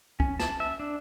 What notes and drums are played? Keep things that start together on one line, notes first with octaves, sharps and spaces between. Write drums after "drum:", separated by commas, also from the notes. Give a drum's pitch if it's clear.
C#4, drum: kick
A5, drum: snare
E5
D4